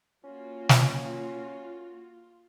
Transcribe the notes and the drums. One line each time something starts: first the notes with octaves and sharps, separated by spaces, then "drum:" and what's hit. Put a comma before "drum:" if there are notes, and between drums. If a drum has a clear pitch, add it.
A#3 C#4 F4 F#4
drum: snare